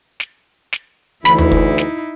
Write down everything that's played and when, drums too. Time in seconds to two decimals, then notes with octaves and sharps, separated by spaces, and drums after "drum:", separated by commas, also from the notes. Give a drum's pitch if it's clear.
0.20 drum: snare
0.73 drum: snare
1.25 D2 E3 D#4 E4 B5, drum: snare
1.38 drum: tom D#2
1.52 drum: kick
1.78 drum: snare